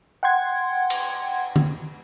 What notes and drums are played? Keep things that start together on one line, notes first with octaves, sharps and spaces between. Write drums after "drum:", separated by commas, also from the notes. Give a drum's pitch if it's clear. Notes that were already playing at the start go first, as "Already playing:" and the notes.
F#5 G5 C6 G#6
drum: cymbal
drum: tom D3